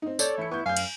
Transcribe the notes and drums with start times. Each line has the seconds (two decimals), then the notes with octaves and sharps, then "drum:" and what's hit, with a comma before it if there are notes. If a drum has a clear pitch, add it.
0.02 C4 D#4
0.19 A4 C#5 D5 G6, drum: tambourine
0.38 E3 E4 C#7
0.51 B3 C#6 G6
0.66 F#2 F5 G#5 G6
0.77 drum: cymbal